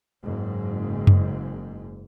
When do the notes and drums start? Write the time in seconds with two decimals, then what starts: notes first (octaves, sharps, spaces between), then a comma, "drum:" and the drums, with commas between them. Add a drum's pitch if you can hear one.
0.23 F#1 G#2
1.07 drum: tom F#2